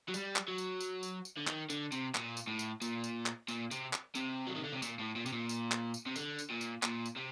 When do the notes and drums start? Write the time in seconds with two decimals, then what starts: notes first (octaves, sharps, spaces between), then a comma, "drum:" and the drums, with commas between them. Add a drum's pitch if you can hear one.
0.08 F#3
0.14 G3, drum: tambourine
0.36 drum: clap
0.48 F#3
0.58 drum: tambourine
0.80 drum: tambourine
1.03 drum: tambourine
1.25 drum: tambourine
1.37 D3
1.47 D#3, drum: clap
1.70 D3, drum: tambourine
1.92 C3, drum: tambourine
2.15 A#2, drum: clap
2.37 drum: tambourine
2.47 A2
2.59 drum: tambourine
2.82 A#2, drum: tambourine
3.04 drum: tambourine
3.26 drum: clap
3.48 A#2, drum: tambourine
3.71 C3, drum: tambourine
3.93 drum: clap
4.15 C3, drum: tambourine
4.47 F#3
4.55 D#3
4.64 D3
4.73 C3
4.82 A#2, drum: tambourine
4.99 A2
5.16 A#2
5.26 C3, drum: tambourine
5.33 A#2
5.49 drum: tambourine
5.72 drum: clap
5.94 drum: tambourine
6.06 C3
6.16 D3, drum: tambourine
6.39 drum: tambourine
6.50 A#2
6.61 drum: tambourine
6.83 A#2, drum: clap
7.06 drum: tambourine
7.17 C3